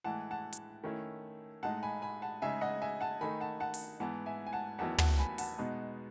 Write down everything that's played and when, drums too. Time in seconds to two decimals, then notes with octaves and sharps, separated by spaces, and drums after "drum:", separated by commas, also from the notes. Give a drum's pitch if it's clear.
0.04 A2 E3 G#3 F#5 A5
0.31 F#5 A5
0.53 drum: hi-hat
0.84 D#3 A3 C#4 E4
1.63 A2 G#3 D#4 F#5 A5
1.83 G#5 B5
2.02 G#5 B5
2.22 F#5 A5
2.42 C#3 G#3 D#4 E5 G#5
2.61 D#5 F#5
2.82 E5 G#5
3.01 F#5 A5
3.21 D#3 A3 D#4 G#5 B5
3.40 F#5 A5
3.60 F#5 A5
3.74 drum: open hi-hat
4.00 G#2 E3 B3 F#5 A5
4.26 E5 G#5
4.47 G#5
4.53 F#5 A5
4.78 E2 D#3 F#3 B3 E4 F#5 A5
4.98 F#5 A5, drum: tom
5.19 G#5 B5
5.38 F#5 A5, drum: open hi-hat
5.58 B2 G#3 B3 D#4